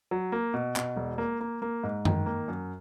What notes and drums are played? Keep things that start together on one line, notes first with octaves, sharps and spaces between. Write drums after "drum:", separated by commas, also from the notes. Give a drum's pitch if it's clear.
F#3
A#3
B2
B2, drum: clap
E1
A#3
A#3
A#3
G#2
D#3, drum: tom F#2
A#3
F#2